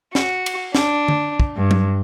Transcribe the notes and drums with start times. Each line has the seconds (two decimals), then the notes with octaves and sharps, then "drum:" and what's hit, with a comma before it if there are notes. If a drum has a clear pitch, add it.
0.15 F#4, drum: snare
0.46 drum: cymbal
0.75 D4, drum: snare
1.08 drum: tom D3
1.40 drum: kick
1.56 G2
1.71 drum: tom F#3